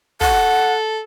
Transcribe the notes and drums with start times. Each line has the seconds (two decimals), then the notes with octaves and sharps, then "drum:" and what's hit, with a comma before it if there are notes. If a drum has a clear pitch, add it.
0.21 A4 F#5, drum: kick